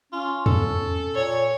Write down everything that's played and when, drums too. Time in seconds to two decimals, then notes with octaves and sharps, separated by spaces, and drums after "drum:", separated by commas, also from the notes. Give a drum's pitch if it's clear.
0.12 C#4 F4
0.46 A4, drum: tom E2
1.15 A#2 C#5